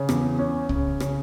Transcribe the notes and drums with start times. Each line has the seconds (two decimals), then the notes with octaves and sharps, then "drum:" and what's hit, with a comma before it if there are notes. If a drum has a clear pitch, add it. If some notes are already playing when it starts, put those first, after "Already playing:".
Already playing: C#3
0.09 E2, drum: rim click
0.39 C#4
0.69 C#3, drum: kick
1.00 C#3, drum: rim click